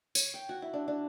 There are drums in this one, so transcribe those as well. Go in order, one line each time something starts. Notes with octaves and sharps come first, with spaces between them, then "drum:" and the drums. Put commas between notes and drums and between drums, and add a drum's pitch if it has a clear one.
C#5, drum: tambourine
G5
F#4
E4
D4
D4